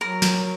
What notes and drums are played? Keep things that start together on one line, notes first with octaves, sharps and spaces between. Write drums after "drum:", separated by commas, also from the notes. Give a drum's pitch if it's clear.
F#3 A#4
drum: snare